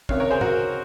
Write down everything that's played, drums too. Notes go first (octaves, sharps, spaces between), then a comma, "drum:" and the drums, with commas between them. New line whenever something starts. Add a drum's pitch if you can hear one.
C#2 C3 D#3 C#5 F5, drum: kick
A#4 C#5
G#4 C5
F#4 A#4, drum: tom